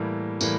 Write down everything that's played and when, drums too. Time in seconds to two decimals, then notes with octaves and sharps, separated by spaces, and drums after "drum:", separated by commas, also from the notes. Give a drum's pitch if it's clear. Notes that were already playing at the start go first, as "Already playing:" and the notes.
Already playing: A2 E3 G3 A#3
0.41 A2 E3 G3 A#3, drum: tambourine